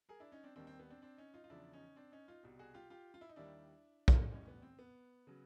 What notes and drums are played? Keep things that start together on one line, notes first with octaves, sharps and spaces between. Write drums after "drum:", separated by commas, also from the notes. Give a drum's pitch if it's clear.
G#4 A#4
D4 E4
C#4 D#4
C4 D4
D#2 D#3 G3 C4 D4
C4
B3
C4 D4
C4 D4
C#4 D#4
D#4 F4
F4
E2 C#3 F3 D4 E4
C#4 D#4
C4 D4
C#4 D#4
D#4 F4
C2 B2 G3
F#4 G#4
F4 G4
F4 G4
F4
E4
D#4
D#2 D#3 G3 D4 E4
drum: kick
A2 E3 G3 C#4 D#4
B3
C4
B3
C#3 F#3